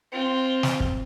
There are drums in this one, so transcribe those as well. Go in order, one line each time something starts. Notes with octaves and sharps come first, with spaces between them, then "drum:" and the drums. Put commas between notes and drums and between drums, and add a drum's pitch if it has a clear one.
C4 F4
drum: snare
drum: kick